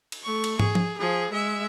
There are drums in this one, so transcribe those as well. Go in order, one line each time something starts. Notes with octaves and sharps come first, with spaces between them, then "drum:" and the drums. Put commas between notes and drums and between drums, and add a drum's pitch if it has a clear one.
drum: cymbal
A3 C#6
drum: cymbal
G#4, drum: tom
drum: tom F3
F3 G#4
G#3 E5